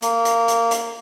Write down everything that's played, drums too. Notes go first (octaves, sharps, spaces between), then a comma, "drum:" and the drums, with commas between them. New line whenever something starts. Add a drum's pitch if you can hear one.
A#3, drum: hi-hat
drum: hi-hat
drum: hi-hat
drum: hi-hat